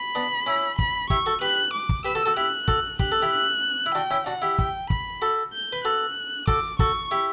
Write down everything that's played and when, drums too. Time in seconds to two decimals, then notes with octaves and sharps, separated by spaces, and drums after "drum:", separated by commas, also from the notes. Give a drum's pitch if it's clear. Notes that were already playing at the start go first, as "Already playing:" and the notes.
Already playing: B5
0.15 B3 D4
0.46 C#4 E4
0.79 B5, drum: kick
1.10 E4 G4 C#6, drum: kick
1.26 F#4 A4
1.41 G4 B4 F#6
1.73 D6
1.89 drum: kick
2.04 G4 B4 E6
2.15 F#4 A4
2.26 F#4 A4
2.36 E4 G4 F#6
2.68 F#4 A4, drum: kick
2.99 G4 F#6, drum: kick
3.12 A4
3.22 E4 G4
3.32 F#6
3.86 E4
3.95 D4 F#4 G5
4.11 C#4 E4
4.26 D4 F#4 F#5
4.42 E4 G4
4.59 G5, drum: kick
4.90 B5, drum: kick
5.22 F#4 A4
5.53 G6
5.73 B4
5.85 F#4 A4 F#6
6.47 F#4 A4 D6, drum: kick
6.79 F#4 A4 C#6, drum: kick
7.11 E4 G4